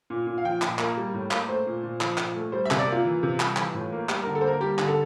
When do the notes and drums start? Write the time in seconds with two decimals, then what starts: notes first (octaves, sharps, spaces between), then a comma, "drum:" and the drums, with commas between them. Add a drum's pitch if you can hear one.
0.10 A#2
0.27 A#2
0.38 F5
0.45 F3 G5
0.62 A#2, drum: clap
0.79 A#3, drum: clap
0.97 G3
1.14 A2
1.31 A#3, drum: clap
1.48 A3 C5
1.66 A#2
1.83 A#2
2.01 F3, drum: clap
2.18 A#2, drum: clap
2.35 A3
2.52 G3 C5
2.65 E5
2.71 C3, drum: clap
2.79 D5
2.87 A#3 F4
3.05 E3
3.23 C3
3.40 G3, drum: clap
3.57 E3, drum: clap
3.74 A2
3.92 A#3
4.09 G3 G4, drum: clap
4.21 A#4
4.27 D3
4.35 A4
4.41 C5
4.44 A#3 A#4
4.60 G3 G4
4.79 D3, drum: clap
4.88 A4